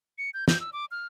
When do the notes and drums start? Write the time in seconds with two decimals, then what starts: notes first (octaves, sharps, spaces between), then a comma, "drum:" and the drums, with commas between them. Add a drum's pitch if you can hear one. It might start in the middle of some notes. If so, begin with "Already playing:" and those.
0.18 C#7
0.34 G6
0.48 G6, drum: snare
0.61 E6
0.73 D6
0.91 F6